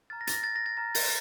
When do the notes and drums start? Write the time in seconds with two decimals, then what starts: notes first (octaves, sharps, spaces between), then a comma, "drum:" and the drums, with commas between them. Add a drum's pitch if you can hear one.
0.10 A#5 F6 A6
0.21 A#6
0.27 A6, drum: hi-hat
0.33 A#6
0.44 A6
0.56 A#6
0.66 A6
0.77 A#5 F6 A6
0.95 A6, drum: open hi-hat